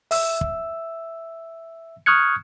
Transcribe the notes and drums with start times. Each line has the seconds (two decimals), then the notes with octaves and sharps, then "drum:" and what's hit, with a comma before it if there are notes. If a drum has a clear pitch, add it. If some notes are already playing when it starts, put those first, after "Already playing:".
0.11 E5 E6, drum: open hi-hat
0.41 drum: kick
2.06 C#6 D#6 F6 F#6 G#6 C#7